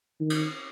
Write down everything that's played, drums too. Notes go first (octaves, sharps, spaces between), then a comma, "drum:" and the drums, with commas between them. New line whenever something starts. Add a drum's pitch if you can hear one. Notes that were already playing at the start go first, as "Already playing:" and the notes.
D#3
drum: cymbal